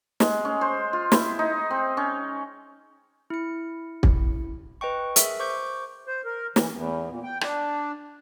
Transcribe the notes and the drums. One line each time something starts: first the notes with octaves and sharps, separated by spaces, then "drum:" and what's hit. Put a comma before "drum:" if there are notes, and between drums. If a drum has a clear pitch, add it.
G#3, drum: snare
C#4
C5
F4
E4, drum: snare
D#4
C4
C#4
E4 C#7
drum: kick
B4 D#5 G5 C#6
G#4 A#4 E5, drum: hi-hat
C5 C#6 D6 G6
C5
A#4
E3, drum: snare
E2
A#2
G5
D4, drum: rim click